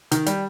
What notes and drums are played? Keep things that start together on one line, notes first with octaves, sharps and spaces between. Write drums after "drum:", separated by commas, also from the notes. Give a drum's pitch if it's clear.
D#3, drum: hi-hat
G3, drum: hi-hat